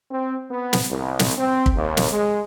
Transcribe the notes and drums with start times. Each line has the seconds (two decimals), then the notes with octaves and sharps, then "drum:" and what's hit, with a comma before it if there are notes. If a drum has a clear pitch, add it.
0.11 C4
0.49 B3
0.73 drum: snare
0.90 C2
1.19 drum: snare
1.38 C4
1.66 drum: kick
1.75 D#2
1.97 drum: snare
2.11 G#3